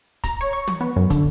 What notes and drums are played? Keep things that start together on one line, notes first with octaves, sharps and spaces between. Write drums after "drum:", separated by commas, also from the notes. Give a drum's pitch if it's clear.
A#5, drum: kick, hi-hat
C#5
C#6
drum: tom
B3
F#2
D3, drum: kick, hi-hat